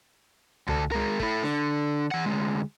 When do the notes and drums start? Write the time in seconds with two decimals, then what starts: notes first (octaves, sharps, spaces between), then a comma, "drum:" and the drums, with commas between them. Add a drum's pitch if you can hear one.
0.68 D2 A4, drum: tom C#2
0.92 G#3 A#4
1.20 A3 E4, drum: kick
1.43 D3, drum: snare D4
2.11 E3 F#5
2.26 D2 G#3